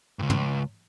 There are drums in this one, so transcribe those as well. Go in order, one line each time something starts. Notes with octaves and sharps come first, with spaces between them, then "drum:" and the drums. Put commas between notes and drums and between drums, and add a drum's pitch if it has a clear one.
C#2 G2
drum: tom